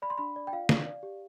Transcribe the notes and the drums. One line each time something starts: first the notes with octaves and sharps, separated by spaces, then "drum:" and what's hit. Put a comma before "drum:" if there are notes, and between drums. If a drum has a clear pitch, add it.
D5 B5
C6
D4 B5
D5
G5
F4 F5
D5, drum: snare
D5
G4